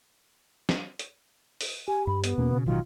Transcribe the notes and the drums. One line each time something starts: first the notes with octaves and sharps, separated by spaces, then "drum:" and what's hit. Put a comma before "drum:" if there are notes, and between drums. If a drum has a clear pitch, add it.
drum: snare
drum: hi-hat
drum: open hi-hat
G4 G#5
G2 B5
B3, drum: hi-hat
E2 B2 A#3 C#4
C#3
A1 D#3 F#3 F4